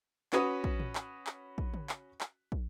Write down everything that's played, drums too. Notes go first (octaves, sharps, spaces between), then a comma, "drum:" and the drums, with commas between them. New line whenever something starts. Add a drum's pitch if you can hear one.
C#4 F#4 B4 C#5 D#6, drum: clap
drum: kick
drum: tom
drum: clap
drum: clap
drum: kick
drum: tom
drum: clap
drum: clap
drum: kick